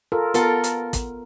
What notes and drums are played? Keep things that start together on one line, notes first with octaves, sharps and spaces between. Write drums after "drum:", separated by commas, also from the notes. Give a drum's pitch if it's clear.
F4 A4 A#4
B3 F4 A4 A#4, drum: hi-hat
drum: hi-hat
drum: kick, hi-hat